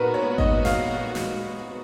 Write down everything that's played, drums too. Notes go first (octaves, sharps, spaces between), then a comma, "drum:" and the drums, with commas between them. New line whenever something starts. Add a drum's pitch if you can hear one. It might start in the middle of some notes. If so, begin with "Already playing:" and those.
Already playing: A#2 G#3 B3 F#4 A#4 B4
C#5
D#5, drum: kick G#1
F5, drum: snare
drum: snare